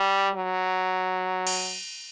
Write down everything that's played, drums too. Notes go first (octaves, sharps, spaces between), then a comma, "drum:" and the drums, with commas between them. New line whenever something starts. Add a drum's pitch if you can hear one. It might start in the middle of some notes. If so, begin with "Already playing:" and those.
Already playing: G3
F#3
drum: cymbal